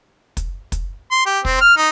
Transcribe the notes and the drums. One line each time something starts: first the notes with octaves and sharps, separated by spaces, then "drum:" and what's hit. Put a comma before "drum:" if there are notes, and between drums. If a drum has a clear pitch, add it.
drum: kick, hi-hat
drum: kick, hi-hat
C6
G4
C4, drum: kick
F6
D#4